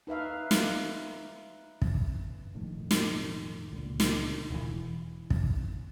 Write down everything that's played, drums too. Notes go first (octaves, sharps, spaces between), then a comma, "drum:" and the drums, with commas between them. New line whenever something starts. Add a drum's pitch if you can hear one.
D#4 B4 E5 F5
drum: snare
drum: kick
E1 F2 A2 D#3
drum: snare
C#2 A#2 D3
drum: snare
E1 E3
drum: kick